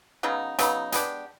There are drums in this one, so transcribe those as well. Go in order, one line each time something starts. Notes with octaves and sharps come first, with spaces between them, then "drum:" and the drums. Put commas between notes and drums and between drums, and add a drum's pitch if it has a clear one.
C#3 F#3 B3 D#4
C#3 F#3 B3 D#4, drum: hi-hat
G#3 B3 D4 G4, drum: hi-hat